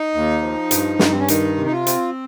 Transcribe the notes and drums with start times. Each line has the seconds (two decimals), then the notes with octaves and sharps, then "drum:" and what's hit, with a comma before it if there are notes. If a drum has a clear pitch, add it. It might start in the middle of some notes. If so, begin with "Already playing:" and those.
Already playing: D#4
0.14 D#2
0.42 F3
0.71 G2, drum: hi-hat
0.99 G2, drum: snare
1.11 C4
1.20 C#4
1.28 D#3 D#4, drum: hi-hat
1.57 C3
1.66 D#4
1.72 F4
1.87 C4, drum: hi-hat